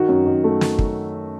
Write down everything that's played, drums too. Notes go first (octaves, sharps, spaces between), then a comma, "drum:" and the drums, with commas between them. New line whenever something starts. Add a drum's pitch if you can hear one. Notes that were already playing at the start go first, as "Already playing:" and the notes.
Already playing: D#3 F#4
F#2
D#3
A3
drum: snare
drum: kick